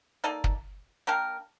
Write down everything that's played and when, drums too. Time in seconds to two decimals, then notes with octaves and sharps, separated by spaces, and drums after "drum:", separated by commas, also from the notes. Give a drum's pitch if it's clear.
0.24 A#3 D#4 A4 D5
0.44 drum: kick
1.07 A#3 D4 G4 A#4